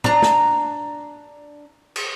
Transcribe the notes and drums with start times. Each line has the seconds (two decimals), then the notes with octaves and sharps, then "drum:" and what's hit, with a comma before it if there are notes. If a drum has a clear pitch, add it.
0.04 D4 A#5, drum: tom
0.22 drum: snare
1.96 drum: cymbal